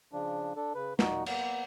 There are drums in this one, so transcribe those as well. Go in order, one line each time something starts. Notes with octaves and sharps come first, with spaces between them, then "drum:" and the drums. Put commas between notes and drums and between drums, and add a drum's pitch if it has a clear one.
C#3 F3 D4
D4 A4
C#3 B4
A#2 D#4 F#4, drum: snare
A#3 B3, drum: cymbal